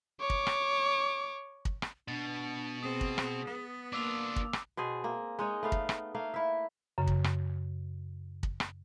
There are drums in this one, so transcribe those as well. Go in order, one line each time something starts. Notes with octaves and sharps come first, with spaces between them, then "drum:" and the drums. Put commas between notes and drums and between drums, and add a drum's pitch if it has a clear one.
C#5 D6
drum: kick
drum: rim click
drum: kick
drum: rim click
B2 D4 A6
C4 G#4 D#6
drum: kick
drum: rim click
B3
A#3 D4 F4 D6 E6 F7
drum: kick
drum: rim click
B2 C4 G#4
A#3
G#3 D#4 C#5
A3 B3 F5
drum: kick
drum: rim click
A3 A#3 F5
E4 E5
F#2 C#3
drum: kick
drum: rim click
drum: kick
drum: rim click